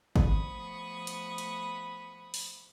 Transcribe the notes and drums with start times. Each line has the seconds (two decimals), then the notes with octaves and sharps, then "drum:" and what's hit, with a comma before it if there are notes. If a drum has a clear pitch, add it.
0.16 F3 A3 B3 B5 C#6 D#6, drum: kick G#1
1.07 drum: hi-hat
1.38 drum: hi-hat
2.34 drum: open hi-hat